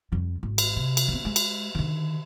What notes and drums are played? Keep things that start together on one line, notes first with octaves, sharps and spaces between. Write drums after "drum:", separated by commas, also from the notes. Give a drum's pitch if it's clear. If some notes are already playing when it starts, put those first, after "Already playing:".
F2 G3
G#1
drum: cymbal
C3
drum: cymbal
D3 C4
G#3
drum: cymbal
D3 D#3